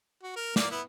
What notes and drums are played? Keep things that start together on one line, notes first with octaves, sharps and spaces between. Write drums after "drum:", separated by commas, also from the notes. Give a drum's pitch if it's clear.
F#4
A#4
A#3 D5, drum: snare
B3 E4